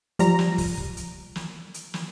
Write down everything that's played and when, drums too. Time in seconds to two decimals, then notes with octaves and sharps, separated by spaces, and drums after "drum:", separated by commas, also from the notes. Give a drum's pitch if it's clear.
0.19 F3 G3 A#5, drum: hi-hat
0.39 drum: snare
0.58 drum: kick, open hi-hat
0.77 drum: kick
0.97 drum: hi-hat
1.36 drum: snare
1.74 drum: hi-hat
1.94 drum: snare